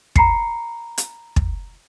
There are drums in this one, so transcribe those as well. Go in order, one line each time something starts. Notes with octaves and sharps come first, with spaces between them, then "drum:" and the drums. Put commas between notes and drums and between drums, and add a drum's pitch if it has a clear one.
A#5 B5 C7 C#7, drum: kick
drum: hi-hat
drum: kick